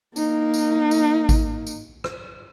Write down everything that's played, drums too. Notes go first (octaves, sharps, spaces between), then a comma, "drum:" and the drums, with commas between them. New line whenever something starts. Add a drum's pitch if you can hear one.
A#3 D#4, drum: tambourine
drum: tambourine
drum: tambourine
drum: kick G#1, tambourine
drum: tambourine
drum: rim click